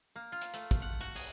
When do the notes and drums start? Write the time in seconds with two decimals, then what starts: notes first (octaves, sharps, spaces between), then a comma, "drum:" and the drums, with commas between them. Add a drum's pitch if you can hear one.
0.16 A#3
0.32 F4
0.42 drum: hi-hat
0.54 A3, drum: hi-hat
0.71 drum: kick, hi-hat
0.82 F#5
1.01 F#4, drum: hi-hat
1.15 G#4, drum: open hi-hat